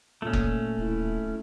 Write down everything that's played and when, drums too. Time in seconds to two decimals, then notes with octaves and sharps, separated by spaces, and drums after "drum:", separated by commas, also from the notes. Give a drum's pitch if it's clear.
0.22 A#2 A3 C#4
0.33 drum: kick F#1
0.78 D1 E4